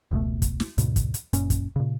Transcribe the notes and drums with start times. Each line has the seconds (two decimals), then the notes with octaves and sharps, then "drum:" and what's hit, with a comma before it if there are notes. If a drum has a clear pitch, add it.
0.11 F1 C#2 B2 A3
0.42 drum: kick, hi-hat
0.60 drum: snare
0.78 D2 G#2 B2, drum: hi-hat
0.96 drum: kick, hi-hat
1.14 drum: hi-hat
1.33 F#1 F#2 A#2 C#4, drum: hi-hat
1.50 drum: kick, hi-hat
1.76 A#2 C#3